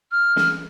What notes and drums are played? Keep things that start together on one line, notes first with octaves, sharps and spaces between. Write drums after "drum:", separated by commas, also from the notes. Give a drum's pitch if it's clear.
F6
drum: snare